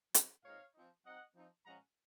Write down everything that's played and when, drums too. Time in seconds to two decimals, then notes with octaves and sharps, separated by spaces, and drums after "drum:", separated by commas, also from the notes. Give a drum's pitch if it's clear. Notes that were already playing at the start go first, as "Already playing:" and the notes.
0.14 F#3 C4 D#4, drum: hi-hat
0.44 A#2 G#3 C4 D#4 C#5 F5
0.74 F3 C4 D#4
1.05 F#3 C4 D#4 D#5 F#5
1.35 F3 C4 D#4
1.65 A#2 F3 G#3 C#4 F#5 A#5